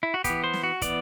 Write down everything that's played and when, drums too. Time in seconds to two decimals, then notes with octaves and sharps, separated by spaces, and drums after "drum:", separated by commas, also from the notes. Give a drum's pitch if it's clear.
0.03 E4
0.14 F#4
0.24 B3 G4, drum: kick, hi-hat
0.30 E3
0.44 C5
0.53 drum: snare
0.63 F#4
0.81 E3 B3 D5, drum: kick, hi-hat